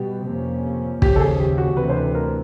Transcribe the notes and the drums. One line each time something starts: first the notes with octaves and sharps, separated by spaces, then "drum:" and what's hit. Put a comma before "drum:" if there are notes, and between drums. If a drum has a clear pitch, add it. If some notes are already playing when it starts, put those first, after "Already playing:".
Already playing: B2 G3 B3 G4
F2 C3 F3 A#3 C#4
D#2 C#3 F3 G4, drum: kick
A4
G#4
G4
F#4
D2 C3 E3 B4
C5
B4
A#4